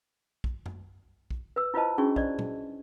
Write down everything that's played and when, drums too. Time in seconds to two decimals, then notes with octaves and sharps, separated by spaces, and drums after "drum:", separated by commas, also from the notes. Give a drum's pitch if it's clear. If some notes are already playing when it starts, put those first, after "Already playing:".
0.44 drum: kick
0.66 drum: tom F#2
1.31 drum: kick
1.56 B4 E6
1.74 E4 F4 B4 C5 D#5 A5
1.98 C#4 D4 E4 F#4 G#4 C#6
2.16 C5 D5 D#5, drum: kick
2.39 drum: tom